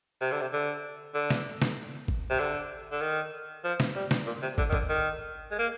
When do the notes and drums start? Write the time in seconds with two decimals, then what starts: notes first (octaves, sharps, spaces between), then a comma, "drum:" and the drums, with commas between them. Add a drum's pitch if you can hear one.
0.21 C3
0.32 D3
0.41 C3
0.53 D3
1.14 D3
1.30 drum: snare
1.62 drum: snare
2.08 drum: kick
2.30 C3
2.40 D3
2.92 D3
3.01 D#3
3.64 F3
3.80 drum: snare
3.96 G3
4.11 drum: snare
4.27 A#2
4.42 C3
4.58 D3, drum: kick
4.69 D#3
4.73 D3, drum: kick
4.89 D#3
5.51 G#3
5.59 A#3